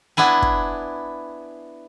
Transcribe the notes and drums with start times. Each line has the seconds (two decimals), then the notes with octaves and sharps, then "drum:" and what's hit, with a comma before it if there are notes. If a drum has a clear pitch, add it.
0.17 B3 D4 E4 G#5
0.42 drum: kick